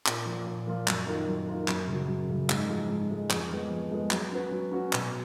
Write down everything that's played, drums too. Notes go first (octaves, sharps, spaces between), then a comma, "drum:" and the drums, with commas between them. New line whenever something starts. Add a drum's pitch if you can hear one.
A#2, drum: clap
F3 A#3 F4
A#2
F3 A#3 F4
F#2, drum: clap
D#3 A#3 F4 A#4
F#2
D#3 A#3 F4 A#4
F#2, drum: clap
C#3 F#3
F#2
C#3 F#3
G#2, drum: clap
F3 G#3
G#2
F3 G#3
F2, drum: clap
F3 G#3 B3
F2
F3 G#3 B3
F#3, drum: clap
C#4 F#4 B4
F#3
C#4 F#4 B4
B2, drum: clap